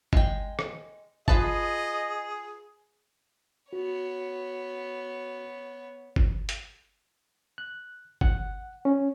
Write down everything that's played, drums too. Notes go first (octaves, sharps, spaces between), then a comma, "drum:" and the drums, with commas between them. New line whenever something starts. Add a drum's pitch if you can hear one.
G#3 G5, drum: kick G1
drum: rim click
F4 G#4 B4 D#5 A5, drum: kick G1
B3 F#4 C#5
drum: kick G1
drum: hi-hat
F#6
F#5, drum: kick G1
C#4